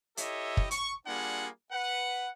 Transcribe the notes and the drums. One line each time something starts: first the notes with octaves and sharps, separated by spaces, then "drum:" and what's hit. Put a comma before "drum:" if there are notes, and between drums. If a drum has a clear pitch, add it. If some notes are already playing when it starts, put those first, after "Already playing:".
E4 G4 A4 C#5 D#5 E5, drum: hi-hat
drum: kick
C#6, drum: hi-hat
G3 A#3 D4 F4 G#4 F#5
B4 F#5